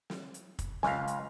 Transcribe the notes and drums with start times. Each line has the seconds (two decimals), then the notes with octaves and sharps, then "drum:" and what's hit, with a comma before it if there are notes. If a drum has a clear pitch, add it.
0.10 drum: snare
0.34 drum: hi-hat
0.59 drum: kick, hi-hat
0.83 C#2 F5 G#5, drum: snare
1.08 drum: hi-hat